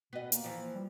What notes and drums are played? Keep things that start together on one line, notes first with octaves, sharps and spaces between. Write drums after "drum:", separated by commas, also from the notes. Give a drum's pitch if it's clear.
B2 B3 D#5
D#2 A#3, drum: hi-hat
E3 F3
G3